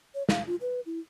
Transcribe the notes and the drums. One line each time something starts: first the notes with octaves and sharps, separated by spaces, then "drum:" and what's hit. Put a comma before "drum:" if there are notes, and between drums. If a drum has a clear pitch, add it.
C#5
F5, drum: snare
F4
B4
E4